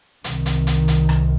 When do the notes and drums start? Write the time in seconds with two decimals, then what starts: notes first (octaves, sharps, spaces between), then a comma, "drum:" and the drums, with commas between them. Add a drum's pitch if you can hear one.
0.24 C2 C3 D#3, drum: hi-hat
0.46 drum: hi-hat
0.67 drum: hi-hat
0.88 drum: hi-hat
1.09 drum: rim click